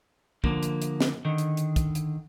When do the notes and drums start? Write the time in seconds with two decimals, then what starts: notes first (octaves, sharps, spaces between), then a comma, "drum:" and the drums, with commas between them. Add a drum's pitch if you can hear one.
0.44 D3 F3 A#3, drum: kick
0.63 drum: hi-hat
0.82 drum: hi-hat
1.01 drum: snare
1.25 D3 D#3
1.38 drum: hi-hat
1.57 drum: hi-hat
1.76 drum: kick, hi-hat
1.95 drum: hi-hat